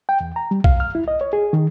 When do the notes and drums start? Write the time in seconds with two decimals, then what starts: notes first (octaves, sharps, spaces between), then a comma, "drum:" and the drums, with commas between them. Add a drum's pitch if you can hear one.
0.09 G5
0.21 E2
0.36 A#5
0.51 G3
0.64 F5, drum: kick B1
0.80 F6
0.95 E4
1.08 D#5
1.21 C#5
1.33 G#4
1.53 D#3